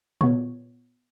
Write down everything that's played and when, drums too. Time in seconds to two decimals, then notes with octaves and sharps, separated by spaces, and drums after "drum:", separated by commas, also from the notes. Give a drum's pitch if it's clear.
0.21 B3 C#5, drum: tom A#2